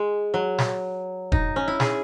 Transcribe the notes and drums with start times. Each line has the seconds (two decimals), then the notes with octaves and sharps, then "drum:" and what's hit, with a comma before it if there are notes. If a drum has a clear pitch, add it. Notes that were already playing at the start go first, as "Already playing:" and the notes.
Already playing: G#3
0.34 F#3
0.59 drum: snare
1.32 D#4, drum: kick E1
1.56 C#4
1.68 E4
1.80 G#4, drum: snare